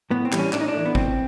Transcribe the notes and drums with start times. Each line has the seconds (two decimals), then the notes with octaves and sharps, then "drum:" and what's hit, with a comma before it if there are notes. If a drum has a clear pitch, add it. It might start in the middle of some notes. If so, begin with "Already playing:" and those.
0.10 A2 B3
0.25 C4
0.32 E3 G3, drum: clap
0.38 C#4
0.53 A2 D4, drum: clap
0.61 D#4
0.68 D4
0.74 E3 A3
0.86 B3
0.95 A2 C4, drum: kick G#1